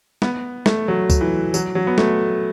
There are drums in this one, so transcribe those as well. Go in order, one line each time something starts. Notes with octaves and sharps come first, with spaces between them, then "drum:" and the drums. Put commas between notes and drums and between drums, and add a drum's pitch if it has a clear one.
B3, drum: snare
A3, drum: snare
F#3
drum: kick, tambourine
E3
F#3, drum: tambourine
F#3
B3
A3, drum: snare